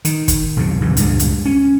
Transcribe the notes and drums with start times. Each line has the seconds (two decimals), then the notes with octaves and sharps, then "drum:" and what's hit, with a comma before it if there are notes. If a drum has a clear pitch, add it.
0.05 D#3, drum: hi-hat
0.28 drum: kick, hi-hat
0.57 B1 F2 A2 C3
0.81 B1 E2 C#3 E3
0.97 C#2 G2 A#2 G#3, drum: hi-hat
1.19 drum: hi-hat
1.45 C#4